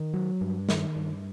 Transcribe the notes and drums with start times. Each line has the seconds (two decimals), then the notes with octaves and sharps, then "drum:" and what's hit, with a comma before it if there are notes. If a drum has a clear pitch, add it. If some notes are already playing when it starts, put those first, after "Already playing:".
Already playing: D#3
0.14 F#3
0.41 G2
0.69 D#3, drum: snare
0.96 G2